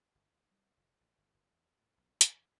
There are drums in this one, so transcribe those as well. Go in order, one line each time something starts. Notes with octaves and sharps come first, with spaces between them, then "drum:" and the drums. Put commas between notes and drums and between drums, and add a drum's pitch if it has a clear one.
G1
D2
G3
F1
A1
G1
F#1
E2
A2
B1
E2, drum: hi-hat